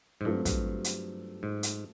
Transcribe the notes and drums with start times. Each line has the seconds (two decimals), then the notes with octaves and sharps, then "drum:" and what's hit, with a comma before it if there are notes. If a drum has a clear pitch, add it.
0.21 G#2
0.25 G2 F#3 A3 C4 F4 A4
0.45 G2, drum: kick, hi-hat
0.84 drum: hi-hat
1.43 G#2
1.63 drum: hi-hat